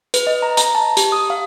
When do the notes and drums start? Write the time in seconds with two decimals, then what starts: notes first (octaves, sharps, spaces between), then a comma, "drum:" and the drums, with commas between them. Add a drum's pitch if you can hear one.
0.14 B4, drum: hi-hat
0.27 D#5
0.42 A#5
0.57 A#5, drum: hi-hat
0.75 A5
0.97 G4, drum: hi-hat
1.12 D#6
1.30 F5